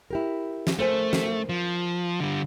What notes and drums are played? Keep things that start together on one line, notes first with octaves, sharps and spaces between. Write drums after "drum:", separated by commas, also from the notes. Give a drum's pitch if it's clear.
E4 G4 A#4
drum: snare
A3 A#4 C5 G#5
drum: snare
F3
D3 G3